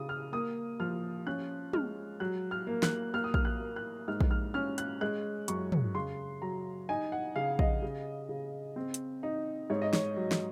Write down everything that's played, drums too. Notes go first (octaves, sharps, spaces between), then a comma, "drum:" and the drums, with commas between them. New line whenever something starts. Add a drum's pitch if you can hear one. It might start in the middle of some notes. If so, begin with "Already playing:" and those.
Already playing: C#3 D#6
F6
A#3 D#6
F3 F6
C#4 F#6
G#3 F6, drum: tom
F#3 F#6
F6
A#3
F#6, drum: snare
A#3 F6
D#6
F6, drum: kick A#1
F#6
A#3
F#6
G#2 F6
drum: kick A#1
F6
C#4 F6
F#6, drum: hi-hat
G#3 F#6
F#2 C#6, drum: hi-hat
drum: tom
C#3 C6
F#3 A#5
D#4 G#5
F#5
C#3 F5
D#5, drum: kick A#1
C#3
C#3
C4
drum: hi-hat
D#4
G#2 C#5
D#5
C#5, drum: snare
F#3
drum: snare